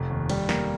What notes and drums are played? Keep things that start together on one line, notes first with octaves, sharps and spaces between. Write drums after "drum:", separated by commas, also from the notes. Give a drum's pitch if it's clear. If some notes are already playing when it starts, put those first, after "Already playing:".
Already playing: F1
D#2
G3, drum: cymbal
A#3, drum: snare